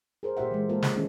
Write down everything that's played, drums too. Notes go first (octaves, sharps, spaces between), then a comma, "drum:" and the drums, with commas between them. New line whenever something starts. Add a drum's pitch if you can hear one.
G#4 A#4 C5
A#2 G4 C5 E5 F#5
E3 G#3
G#3 A#3 F4 A4 A#4 C5
D4 A4, drum: snare
D#3 E3 A3 C#4 G#4 E5